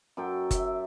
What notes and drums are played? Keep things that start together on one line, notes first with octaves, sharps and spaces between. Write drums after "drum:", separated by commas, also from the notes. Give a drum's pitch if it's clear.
F#2 A4 G5
E5, drum: kick F#1, hi-hat